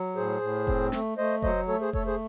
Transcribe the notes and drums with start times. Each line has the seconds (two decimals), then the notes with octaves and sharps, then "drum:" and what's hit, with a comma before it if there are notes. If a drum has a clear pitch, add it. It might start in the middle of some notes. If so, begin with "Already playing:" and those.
Already playing: F#3
0.16 A2 G#4 C5
0.41 A2
0.67 C4, drum: kick F1
0.92 A3, drum: snare
1.18 A3 C5 D#5
1.42 F#3 C5 D#5, drum: kick F1
1.68 A3 A4 C#5
1.81 G#4 C5
1.93 A3 A4 C#5, drum: kick F1
2.06 G#4 C5